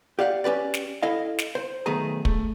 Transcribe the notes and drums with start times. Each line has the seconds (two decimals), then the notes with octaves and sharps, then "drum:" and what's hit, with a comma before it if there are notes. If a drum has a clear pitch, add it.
0.19 G4 D5 F5 F#5
0.44 C#4 G4 B4 D5
0.74 drum: snare
1.02 E4 A4 D#5 F5
1.38 drum: snare
1.55 C5
1.86 B1 D#3 A3 B3 G#4 A#5
2.25 A3, drum: kick